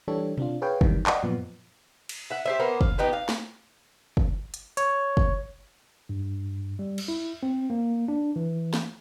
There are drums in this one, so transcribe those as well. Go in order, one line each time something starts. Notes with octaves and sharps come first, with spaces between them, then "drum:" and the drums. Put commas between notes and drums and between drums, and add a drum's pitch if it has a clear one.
E3 G3 D4 G4 A4 C#5
C4 D4 F4, drum: tom B2
G#4 B4 C#5 F5 G5 G#5
F#2 C3 D#3 E3 G3, drum: kick
D5 D#5 F#5 G5, drum: clap
F#2 A#2 F3 B3
drum: cymbal
E5 F#5
G4 C5 E5
A#3 B3 C5
F5, drum: kick
F3 B3 D#4 G4
F5
drum: snare
drum: kick
drum: hi-hat
C#5, drum: hi-hat
drum: kick
G2
G3
drum: cymbal
E4
C4
A#3
D4
E3
drum: snare